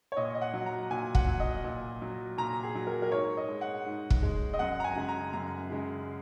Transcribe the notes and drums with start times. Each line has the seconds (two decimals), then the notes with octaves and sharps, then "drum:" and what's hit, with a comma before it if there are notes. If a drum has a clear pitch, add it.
0.12 C#5
0.17 A#2 D#5
0.35 D#5
0.41 F#5
0.54 F#3
0.66 A#5
0.91 A#2 G#5
1.15 F#5, drum: kick
1.27 F#3
1.40 D#5
1.64 A#2
2.02 F#3
2.38 A#2 A#5
2.63 G#4
2.75 F#3
2.87 A#4
3.02 A#4
3.12 G#2 C#5
3.37 D#5
3.48 G#3
3.61 F#5
3.86 G#2
4.10 drum: kick
4.23 G#3
4.54 D#5
4.59 F#2 F#5
4.80 A#5
4.84 G#5
4.96 C#3 G#3
5.09 A#5
5.33 F#2 A#5
5.70 C#3 G#3